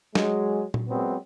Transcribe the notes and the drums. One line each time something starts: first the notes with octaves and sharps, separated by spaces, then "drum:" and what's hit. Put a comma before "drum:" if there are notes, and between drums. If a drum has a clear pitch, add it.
F#3 G#3, drum: snare
drum: tom A#2
A#2 F#3 G#3 B3 C4